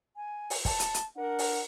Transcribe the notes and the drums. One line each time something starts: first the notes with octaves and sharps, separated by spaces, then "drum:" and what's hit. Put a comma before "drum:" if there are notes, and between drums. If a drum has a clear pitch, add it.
G#5
drum: open hi-hat
A5, drum: kick, open hi-hat
drum: hi-hat
drum: hi-hat
D4 A#4 F#5
drum: open hi-hat